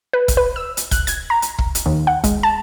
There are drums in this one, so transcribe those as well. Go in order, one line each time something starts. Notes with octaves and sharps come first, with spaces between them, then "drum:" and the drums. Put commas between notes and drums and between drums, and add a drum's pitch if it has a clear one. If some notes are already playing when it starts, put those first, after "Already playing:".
B4
drum: kick, hi-hat
B4
E6
drum: hi-hat
F#6, drum: kick, hi-hat
G#6, drum: hi-hat
A#5
drum: hi-hat
drum: kick
drum: hi-hat
D#2
F#5
G#3, drum: kick, hi-hat
A5